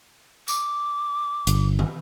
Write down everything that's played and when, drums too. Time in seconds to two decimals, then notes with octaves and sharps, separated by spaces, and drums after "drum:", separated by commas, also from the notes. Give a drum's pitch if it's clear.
0.48 D6, drum: tambourine
1.47 G1, drum: hi-hat
1.79 drum: tom